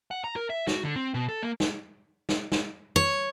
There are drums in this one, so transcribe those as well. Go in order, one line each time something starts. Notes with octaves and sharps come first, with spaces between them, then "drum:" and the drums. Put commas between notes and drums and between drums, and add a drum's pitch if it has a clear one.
F#5
A#5
A#4
E5
F#4, drum: snare
D3
C4
B2
A4
A#3
drum: snare
drum: snare
drum: snare
C#5